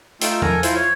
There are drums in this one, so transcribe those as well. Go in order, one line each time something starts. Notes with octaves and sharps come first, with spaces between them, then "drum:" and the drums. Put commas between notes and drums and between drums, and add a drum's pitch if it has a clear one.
A3 D#4 F4 G5 E6, drum: hi-hat
A4 A#4 G#5 A#5, drum: tom E2
E4 F4 C5, drum: hi-hat
C#5